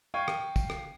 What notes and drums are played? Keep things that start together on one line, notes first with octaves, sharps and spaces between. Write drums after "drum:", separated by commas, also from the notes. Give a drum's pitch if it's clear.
F5 G5 C#6 G#6 D#7
drum: rim click
drum: kick, tambourine
drum: rim click